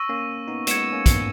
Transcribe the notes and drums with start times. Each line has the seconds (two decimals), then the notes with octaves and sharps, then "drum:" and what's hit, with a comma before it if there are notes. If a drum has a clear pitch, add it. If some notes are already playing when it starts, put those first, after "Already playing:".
Already playing: C#6 E6 A#6 D#7
0.09 A#3 C#4
0.48 B3 D#4
0.67 G#3 B3 G#6 C#7 E7, drum: hi-hat
0.93 A#3 C#4
1.06 drum: kick, hi-hat